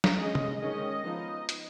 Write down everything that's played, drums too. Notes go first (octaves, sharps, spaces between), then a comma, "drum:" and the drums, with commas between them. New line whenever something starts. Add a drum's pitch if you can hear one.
drum: snare
G#3 C#4 D#5
drum: tom
D#3 G#3 C#4 D#5
F3 B3 D#4
drum: hi-hat